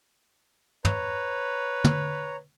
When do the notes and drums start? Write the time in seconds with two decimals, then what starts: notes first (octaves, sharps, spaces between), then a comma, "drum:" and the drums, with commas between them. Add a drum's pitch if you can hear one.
0.85 B4 C#5 A#5, drum: tom
1.84 drum: tom